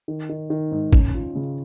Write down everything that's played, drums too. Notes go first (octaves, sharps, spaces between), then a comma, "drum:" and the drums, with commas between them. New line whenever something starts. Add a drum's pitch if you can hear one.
D#3
D#3
D#3
G#2
C#4, drum: kick
F4
C#3